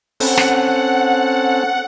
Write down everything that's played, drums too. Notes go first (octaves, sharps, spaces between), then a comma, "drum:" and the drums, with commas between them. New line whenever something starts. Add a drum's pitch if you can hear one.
C4 C#4 A4 F#5, drum: open hi-hat
drum: snare